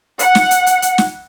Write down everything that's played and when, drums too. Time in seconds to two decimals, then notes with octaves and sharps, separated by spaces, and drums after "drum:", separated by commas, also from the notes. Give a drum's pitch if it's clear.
0.19 F#5, drum: hi-hat
0.35 drum: snare
0.51 drum: hi-hat
0.66 drum: hi-hat
0.82 drum: hi-hat
0.98 drum: snare